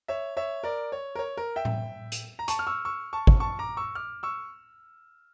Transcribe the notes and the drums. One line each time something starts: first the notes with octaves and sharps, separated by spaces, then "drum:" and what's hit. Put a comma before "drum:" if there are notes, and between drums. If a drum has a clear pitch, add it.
C#5 E5
C#5 E5
A#4 D5
C#5
A#4
C#5
A#4
E5 G5
drum: tom A2
drum: hi-hat
A#5
A5 C#6, drum: hi-hat
F6
C#6 E6
C#6 E6
A5 C#6
drum: kick G#1
A5 C#6
A#5 D6
C#6 E6
D6 F6
C#6 E6